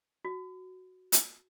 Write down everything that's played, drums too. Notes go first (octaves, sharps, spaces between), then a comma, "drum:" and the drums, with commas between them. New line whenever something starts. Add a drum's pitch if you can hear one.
F#4
drum: hi-hat